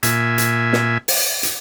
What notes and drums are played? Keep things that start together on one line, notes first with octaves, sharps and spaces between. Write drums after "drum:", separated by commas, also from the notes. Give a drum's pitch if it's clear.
A#2 E5 G#5, drum: hi-hat
drum: hi-hat
drum: snare
drum: open hi-hat
drum: hi-hat